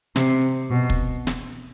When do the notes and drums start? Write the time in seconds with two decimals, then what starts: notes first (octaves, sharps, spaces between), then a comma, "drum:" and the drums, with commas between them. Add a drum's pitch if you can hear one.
0.16 C3, drum: snare
0.71 B2
0.90 drum: kick
1.27 drum: snare